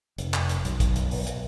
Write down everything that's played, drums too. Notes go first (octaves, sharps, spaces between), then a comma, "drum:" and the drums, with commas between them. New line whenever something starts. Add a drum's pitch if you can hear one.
F1, drum: hi-hat
drum: clap
drum: hi-hat
B1, drum: hi-hat
drum: kick, hi-hat
drum: hi-hat
drum: open hi-hat
drum: hi-hat